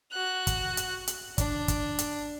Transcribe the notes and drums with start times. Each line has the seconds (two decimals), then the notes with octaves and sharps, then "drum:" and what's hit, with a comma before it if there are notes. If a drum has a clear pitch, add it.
0.12 F#4 F#6
0.47 drum: kick, hi-hat
0.77 drum: hi-hat
1.08 drum: hi-hat
1.38 D4, drum: kick, hi-hat
1.68 drum: kick, hi-hat
1.99 drum: hi-hat